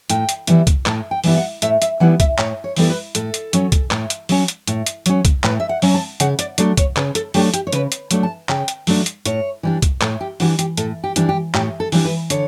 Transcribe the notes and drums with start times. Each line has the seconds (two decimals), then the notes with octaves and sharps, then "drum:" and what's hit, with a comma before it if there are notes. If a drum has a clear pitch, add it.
0.10 A2 G5, drum: hi-hat
0.29 drum: hi-hat
0.47 E3 G3 B3 E4, drum: hi-hat
0.67 drum: kick C2, hi-hat
0.86 A2 A5, drum: clap
1.11 G5
1.24 E3 G3 B3 E4 E5, drum: open hi-hat
1.36 F#5
1.62 A2 E5, drum: hi-hat
1.82 E5, drum: hi-hat
2.00 E3 G3 B3 E4 F#5
2.20 E5, drum: kick C2, hi-hat
2.38 A2 C#5, drum: clap
2.64 C#5
2.76 E3 G3 B3 E4 A4, drum: open hi-hat
2.90 B4
3.15 A2 A4, drum: hi-hat
3.34 drum: hi-hat
3.53 F#3 C#4, drum: hi-hat
3.72 drum: kick C2, hi-hat
3.91 A2, drum: clap
4.10 drum: hi-hat
4.29 F#3 C#4, drum: open hi-hat
4.48 drum: hi-hat
4.67 A2, drum: hi-hat
4.86 drum: hi-hat
5.06 F#3 C#4, drum: hi-hat
5.25 drum: kick C2, hi-hat
5.44 A2 B4, drum: clap
5.60 E5
5.69 F#5
5.82 F#3 C#4, drum: open hi-hat
5.94 A5
6.20 C#3 F#5, drum: hi-hat
6.39 D5, drum: hi-hat
6.58 F#3 A3 D4 D5, drum: hi-hat
6.77 C#5, drum: kick C2, hi-hat
6.96 C#3 B4, drum: clap
7.15 A4, drum: hi-hat
7.34 F#3 A3 D4 G4, drum: open hi-hat
7.54 G4, drum: hi-hat
7.67 C#5
7.73 C#3 B4, drum: hi-hat
7.92 drum: hi-hat
8.11 F#3 A3 D4, drum: hi-hat
8.23 A5
8.49 C#3 G5, drum: clap
8.68 drum: hi-hat
8.87 F#3 A3 D4, drum: open hi-hat
9.06 drum: hi-hat
9.25 A2 C#5, drum: hi-hat
9.63 E3 G3 D4
9.82 drum: kick C2, hi-hat
10.01 A2 A4, drum: clap
10.21 G4
10.40 E3 G3 D4 F#4, drum: open hi-hat
10.59 G4, drum: hi-hat
10.77 A2 A4, drum: hi-hat
11.04 G4
11.16 E3 G3 D4, drum: hi-hat
11.29 G4
11.54 A2 G4, drum: clap
11.80 A4
11.92 E3 G3 D4, drum: open hi-hat
12.05 B4
12.30 D3 C#5, drum: hi-hat